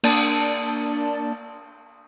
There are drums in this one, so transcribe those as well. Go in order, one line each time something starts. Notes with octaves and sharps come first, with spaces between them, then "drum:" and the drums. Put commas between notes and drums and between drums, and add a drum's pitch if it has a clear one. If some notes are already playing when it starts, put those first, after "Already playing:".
A#3 D4 A5, drum: cymbal